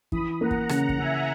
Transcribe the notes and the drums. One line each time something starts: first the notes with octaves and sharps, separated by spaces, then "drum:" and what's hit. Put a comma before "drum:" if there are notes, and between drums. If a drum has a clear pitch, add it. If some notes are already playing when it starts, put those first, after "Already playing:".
E3 B5 D#6, drum: kick
A#3 F#5 A#5
drum: kick
C#3 F#5 A#5, drum: rim click
drum: kick
C#3 E5 G#5